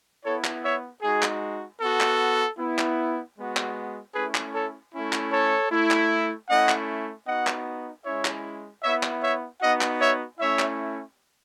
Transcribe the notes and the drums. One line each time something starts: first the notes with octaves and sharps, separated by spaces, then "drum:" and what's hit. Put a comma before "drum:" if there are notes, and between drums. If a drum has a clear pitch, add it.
B3 E4 A4 C#5
drum: clap
C#5 E5
G#3 D#4 F#4 G#4
drum: clap
B3 F#4 A4
drum: clap
B3 E4
drum: clap
G#3 B3 F#4
drum: clap
A3 C#4 E4 G#4 B4
drum: clap
A4 C#5
A3 C#4 E4
drum: clap
A4 C#5
A3 E4
drum: clap
A3 C#4 E4 D#5 F#5
drum: clap
B3 D#4 F#4 D#5 F#5
drum: clap
G#3 C#4 E4 C#5 E5
drum: clap
B3 E4 C#5 E5
drum: clap
C#5 E5
B3 D#4 F#4 D#5 F#5
drum: clap
C#5 E5
A3 C#4 E4 C#5 E5
drum: clap